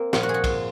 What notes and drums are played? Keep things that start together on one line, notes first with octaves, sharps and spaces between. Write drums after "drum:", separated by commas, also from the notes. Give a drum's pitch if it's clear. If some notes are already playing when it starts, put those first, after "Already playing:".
Already playing: A#3 C4
A#2 F3 F4, drum: snare
F#4
G#4
F#4
F4, drum: kick, cymbal